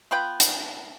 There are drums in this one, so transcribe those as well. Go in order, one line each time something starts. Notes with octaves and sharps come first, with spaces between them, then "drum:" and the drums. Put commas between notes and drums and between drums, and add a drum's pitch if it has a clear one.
B3 F4 B4 G5
drum: hi-hat